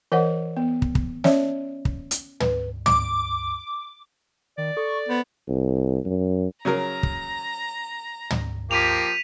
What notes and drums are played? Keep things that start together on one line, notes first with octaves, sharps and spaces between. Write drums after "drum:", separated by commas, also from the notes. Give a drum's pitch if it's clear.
E3 A#4 C5 D#5 F#5
B3
drum: kick
drum: kick
C#4 C#5 D5 E5, drum: snare
drum: kick
drum: hi-hat
B4, drum: tom
D6, drum: tom
D#3 D5
A4 C#6
B3 C5
C2
F#2
C#3 F#3 A#4 A#5
drum: kick
drum: tom
F3 A#3 G4 B6 D#7 F7